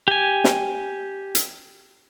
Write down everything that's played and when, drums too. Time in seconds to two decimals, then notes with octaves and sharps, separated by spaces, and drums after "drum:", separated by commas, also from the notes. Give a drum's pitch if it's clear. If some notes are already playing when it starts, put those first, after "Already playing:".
0.08 G4 G#5
0.44 drum: snare
1.35 drum: hi-hat